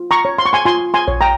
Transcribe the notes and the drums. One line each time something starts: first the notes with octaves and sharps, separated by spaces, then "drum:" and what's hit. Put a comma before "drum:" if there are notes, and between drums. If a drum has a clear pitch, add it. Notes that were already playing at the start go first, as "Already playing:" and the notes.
Already playing: F4
A#5 C#6
C#5
C6
C#6
G#5 C6
F4 G#5 C6
G#5 C6
C#5, drum: kick A#1
G5 A#5